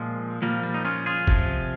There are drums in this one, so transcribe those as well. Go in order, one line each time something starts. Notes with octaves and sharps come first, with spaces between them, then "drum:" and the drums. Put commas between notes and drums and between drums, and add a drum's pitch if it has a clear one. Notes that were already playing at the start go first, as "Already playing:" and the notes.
Already playing: A#2 F3 G#3
A#2 F3 G3 A#3
G3
D#4
C#4 F4
F4 G#4
C3 F3, drum: kick F1